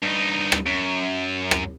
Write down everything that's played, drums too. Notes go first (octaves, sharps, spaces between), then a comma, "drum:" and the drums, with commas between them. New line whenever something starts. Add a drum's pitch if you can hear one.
G2 D#4
drum: rim click
F#2
drum: rim click